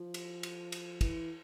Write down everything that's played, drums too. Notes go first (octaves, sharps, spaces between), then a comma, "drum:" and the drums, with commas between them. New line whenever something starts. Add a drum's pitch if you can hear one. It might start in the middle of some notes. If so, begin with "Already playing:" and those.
Already playing: F3
drum: cymbal
drum: cymbal
drum: cymbal
E3, drum: kick, cymbal